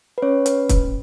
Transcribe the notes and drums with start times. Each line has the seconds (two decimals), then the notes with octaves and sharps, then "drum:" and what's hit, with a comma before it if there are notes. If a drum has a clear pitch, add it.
0.18 B4
0.22 C#4 C#5
0.46 B4, drum: hi-hat
0.69 drum: kick, hi-hat